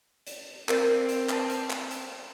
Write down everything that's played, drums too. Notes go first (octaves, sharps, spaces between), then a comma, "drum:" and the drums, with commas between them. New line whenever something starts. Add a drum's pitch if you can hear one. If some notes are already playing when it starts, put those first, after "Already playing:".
drum: hi-hat
C4 A#4 D5 F5, drum: clap
drum: hi-hat
B4 A5, drum: clap
drum: hi-hat
drum: clap
drum: hi-hat